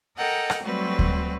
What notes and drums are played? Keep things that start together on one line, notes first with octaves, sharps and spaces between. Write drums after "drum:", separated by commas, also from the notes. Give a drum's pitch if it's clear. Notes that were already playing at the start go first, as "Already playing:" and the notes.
A4 A#4 D#5 F#5 G5 A#5
drum: rim click
F#3 G3 A3 C4 F#4 B4
drum: kick D2